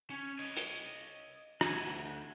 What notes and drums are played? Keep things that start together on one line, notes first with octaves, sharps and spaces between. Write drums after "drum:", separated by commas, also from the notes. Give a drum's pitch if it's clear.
C#4
C#5 D#5
drum: hi-hat
D2 G#5, drum: rim click